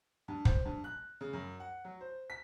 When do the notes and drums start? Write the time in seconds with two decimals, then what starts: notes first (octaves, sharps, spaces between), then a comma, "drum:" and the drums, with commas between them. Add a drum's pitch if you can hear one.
0.28 G2
0.45 C5, drum: kick
0.65 G2
0.84 F#6
1.21 C#3
1.33 F#2
1.60 F#5
1.85 F#3
2.01 C5
2.30 B6